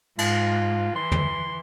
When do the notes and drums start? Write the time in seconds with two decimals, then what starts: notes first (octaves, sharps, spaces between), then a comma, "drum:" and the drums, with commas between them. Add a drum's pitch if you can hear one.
0.18 G#2 F4, drum: cymbal
0.96 E3 C6
1.12 drum: tom